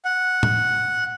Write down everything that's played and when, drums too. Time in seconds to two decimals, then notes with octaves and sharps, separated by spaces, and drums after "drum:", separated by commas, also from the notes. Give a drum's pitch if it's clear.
0.05 F#5
0.43 drum: tom